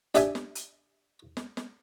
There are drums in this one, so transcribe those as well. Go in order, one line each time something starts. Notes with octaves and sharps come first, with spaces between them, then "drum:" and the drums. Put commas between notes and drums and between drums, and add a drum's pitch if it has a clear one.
D4 G4 E5 G#5, drum: hi-hat
drum: snare
drum: hi-hat
drum: snare
drum: snare